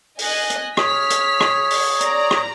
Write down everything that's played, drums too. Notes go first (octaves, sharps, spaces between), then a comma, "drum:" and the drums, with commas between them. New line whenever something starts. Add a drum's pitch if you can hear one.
D#5 G#5 F#6, drum: open hi-hat
drum: hi-hat
G#4 C#5 F6 B6, drum: rim click
drum: hi-hat
drum: rim click
drum: open hi-hat
D5 A#5, drum: hi-hat
drum: rim click